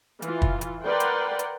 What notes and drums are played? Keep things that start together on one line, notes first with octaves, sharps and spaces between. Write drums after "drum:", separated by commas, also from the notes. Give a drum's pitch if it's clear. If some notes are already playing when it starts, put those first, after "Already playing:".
E3 F4, drum: hi-hat
drum: kick
drum: hi-hat
A#4 B4 D5 F#5 G5 C6
drum: hi-hat
drum: hi-hat